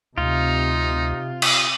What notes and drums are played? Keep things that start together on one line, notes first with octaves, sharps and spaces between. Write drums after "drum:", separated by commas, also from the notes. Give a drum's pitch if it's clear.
D2 C3 D#4 F4
drum: cymbal